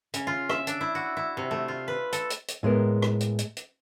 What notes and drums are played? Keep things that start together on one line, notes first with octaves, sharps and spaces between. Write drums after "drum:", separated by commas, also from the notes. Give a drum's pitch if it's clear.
C#3, drum: hi-hat
F4
E5, drum: rim click
D4, drum: hi-hat
E4
F#4
E4
C3
A3
F4
B4
A4, drum: hi-hat
drum: hi-hat
drum: hi-hat
A2 G#3 B3 A#4
drum: rim click
drum: hi-hat
drum: hi-hat
drum: hi-hat